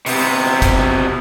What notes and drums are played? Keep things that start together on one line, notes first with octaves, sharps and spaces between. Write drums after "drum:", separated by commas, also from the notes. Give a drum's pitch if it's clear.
C3 B3, drum: open hi-hat
drum: kick, hi-hat